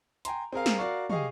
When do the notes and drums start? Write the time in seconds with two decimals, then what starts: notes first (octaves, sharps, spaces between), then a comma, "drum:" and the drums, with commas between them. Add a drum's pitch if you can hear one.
0.25 G5 G#5 A#5 C6, drum: hi-hat
0.52 C4 G#4 A#4 F5
0.66 drum: snare
0.78 F#4 A#4 D5 F5 C#6
1.10 G4 G#4 D#5 F5 C#6, drum: tom